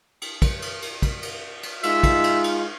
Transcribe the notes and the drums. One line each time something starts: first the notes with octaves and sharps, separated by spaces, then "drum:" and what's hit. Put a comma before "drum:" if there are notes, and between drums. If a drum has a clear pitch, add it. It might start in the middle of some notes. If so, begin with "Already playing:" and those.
drum: cymbal
drum: kick, cymbal
drum: cymbal
drum: cymbal
drum: kick, cymbal
drum: cymbal
drum: cymbal
G#3 D#4 F4 E5, drum: cymbal
drum: kick, cymbal
drum: cymbal
drum: cymbal